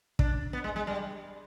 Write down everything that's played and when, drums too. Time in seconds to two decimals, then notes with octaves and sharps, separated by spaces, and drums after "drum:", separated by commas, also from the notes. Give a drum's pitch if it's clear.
0.19 D4, drum: kick
0.53 B3
0.64 G#3
0.76 G#3
0.87 G3